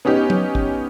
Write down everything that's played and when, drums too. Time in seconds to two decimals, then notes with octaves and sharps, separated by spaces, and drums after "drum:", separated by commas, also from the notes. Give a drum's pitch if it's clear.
0.05 B3 C#4 D#4 G4
0.30 drum: tom
0.55 drum: kick